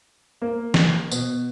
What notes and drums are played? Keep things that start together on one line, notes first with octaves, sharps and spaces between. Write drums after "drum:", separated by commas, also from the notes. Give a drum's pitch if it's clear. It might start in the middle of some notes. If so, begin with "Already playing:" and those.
A#3
drum: snare
B2, drum: tambourine